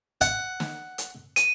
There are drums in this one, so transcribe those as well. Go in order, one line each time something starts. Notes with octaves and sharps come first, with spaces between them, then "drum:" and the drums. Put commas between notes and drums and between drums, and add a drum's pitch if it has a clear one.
F#5, drum: hi-hat
drum: snare
drum: hi-hat
D#7, drum: hi-hat